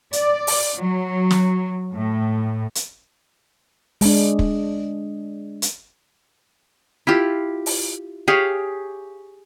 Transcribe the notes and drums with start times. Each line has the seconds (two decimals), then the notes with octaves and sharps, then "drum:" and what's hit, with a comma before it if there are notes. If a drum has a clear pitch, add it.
0.13 D5, drum: hi-hat
0.47 drum: open hi-hat
0.76 F#3
1.31 drum: snare
1.93 A2
2.75 drum: hi-hat
4.01 G#3 D4, drum: open hi-hat
4.39 drum: kick
5.62 drum: hi-hat
7.07 E4 F4 G4
7.66 drum: open hi-hat
8.28 G4 G#4 C#5 F5